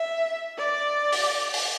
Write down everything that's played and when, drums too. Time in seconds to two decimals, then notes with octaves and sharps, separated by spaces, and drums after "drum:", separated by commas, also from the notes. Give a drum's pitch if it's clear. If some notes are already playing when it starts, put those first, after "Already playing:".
Already playing: E5
0.58 D5
1.12 drum: open hi-hat
1.54 drum: open hi-hat